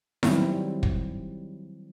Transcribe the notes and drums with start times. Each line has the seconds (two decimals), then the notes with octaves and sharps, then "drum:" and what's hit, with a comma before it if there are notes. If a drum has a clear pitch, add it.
0.23 D#3 F#3 G3 C4 E4, drum: snare E4
0.83 drum: kick